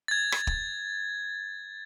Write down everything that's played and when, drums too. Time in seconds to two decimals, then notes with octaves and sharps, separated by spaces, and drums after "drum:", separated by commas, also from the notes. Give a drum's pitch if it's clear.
0.08 G#6 A6
0.32 drum: rim click
0.47 drum: kick